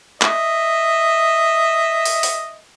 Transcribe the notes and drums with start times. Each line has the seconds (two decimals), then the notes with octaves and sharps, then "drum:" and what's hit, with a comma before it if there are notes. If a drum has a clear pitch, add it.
0.22 D#5 E5, drum: clap
2.05 drum: open hi-hat
2.23 drum: open hi-hat